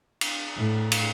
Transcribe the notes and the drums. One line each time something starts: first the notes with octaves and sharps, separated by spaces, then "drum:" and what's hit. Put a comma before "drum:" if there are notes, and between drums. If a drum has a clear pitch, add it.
drum: cymbal
A2
drum: cymbal